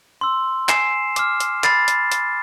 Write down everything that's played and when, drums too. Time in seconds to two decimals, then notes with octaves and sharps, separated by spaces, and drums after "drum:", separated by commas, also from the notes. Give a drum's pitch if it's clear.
0.21 C6 E6
0.69 G#5 C7 E7, drum: clap
1.16 D6 F6, drum: hi-hat
1.40 drum: hi-hat
1.64 B5 A6 C7, drum: clap
1.88 drum: hi-hat
2.12 drum: hi-hat